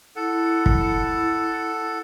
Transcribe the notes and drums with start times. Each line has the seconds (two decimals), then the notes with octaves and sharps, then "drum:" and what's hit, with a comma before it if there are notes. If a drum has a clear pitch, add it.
0.16 E4 A4 F#5
0.66 drum: kick